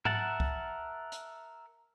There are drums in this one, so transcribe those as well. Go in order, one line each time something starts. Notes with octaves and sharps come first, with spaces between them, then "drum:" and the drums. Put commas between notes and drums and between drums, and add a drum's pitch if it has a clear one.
A#4 E5 F#5 A5, drum: tom G#2
drum: kick
drum: hi-hat